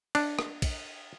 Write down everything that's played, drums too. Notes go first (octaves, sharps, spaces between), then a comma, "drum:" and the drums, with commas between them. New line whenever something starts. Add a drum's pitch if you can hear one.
D4, drum: cymbal
drum: rim click
drum: kick, cymbal